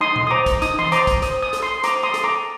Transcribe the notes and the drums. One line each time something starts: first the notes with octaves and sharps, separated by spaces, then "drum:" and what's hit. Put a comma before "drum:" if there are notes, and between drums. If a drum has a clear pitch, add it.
D#4 C6 D#6
drum: tom A#2
D#6
C5 A#5 D6
drum: kick, hi-hat
D#4 D#6, drum: hi-hat
C6 D#6, drum: tom E3
C5 A#5 D6, drum: hi-hat
drum: kick, hi-hat
C5 D#6, drum: hi-hat
D#6
A4, drum: hi-hat
C6 D#6
C5 A#5 D6, drum: hi-hat
C6 D#6
A4, drum: hi-hat
A#5 D6